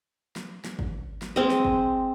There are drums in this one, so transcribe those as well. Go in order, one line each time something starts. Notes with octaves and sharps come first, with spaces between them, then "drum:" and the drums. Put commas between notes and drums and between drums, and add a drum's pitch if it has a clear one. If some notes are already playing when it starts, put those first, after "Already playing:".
drum: snare
drum: snare
drum: kick G#1
drum: snare
G#3 C4 D#5
drum: snare
drum: kick G#1